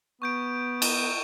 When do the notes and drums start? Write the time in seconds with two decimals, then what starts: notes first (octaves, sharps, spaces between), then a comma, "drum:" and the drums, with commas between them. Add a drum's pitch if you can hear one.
0.22 B3 C#6 G6 D7
0.82 drum: cymbal